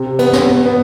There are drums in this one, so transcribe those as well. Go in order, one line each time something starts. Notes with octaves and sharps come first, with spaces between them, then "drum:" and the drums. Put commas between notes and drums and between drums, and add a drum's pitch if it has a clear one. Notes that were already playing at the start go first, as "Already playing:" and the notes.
Already playing: C3
B3, drum: cymbal
drum: snare
B3